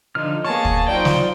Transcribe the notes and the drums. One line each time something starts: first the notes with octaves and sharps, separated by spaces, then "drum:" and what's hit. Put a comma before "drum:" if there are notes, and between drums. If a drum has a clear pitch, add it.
D3 F3 D#4 F6
A#3 B3 G#4 C#5 A5 C#6
drum: kick
F#3 D#4 F4 C5 D5 G5
drum: snare